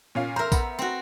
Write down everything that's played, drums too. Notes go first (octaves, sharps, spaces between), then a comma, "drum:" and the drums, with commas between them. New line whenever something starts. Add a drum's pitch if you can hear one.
A#2 C#4 F5
A#4 C5 E5 A#5
B3, drum: kick A#1, tambourine
C4 F#4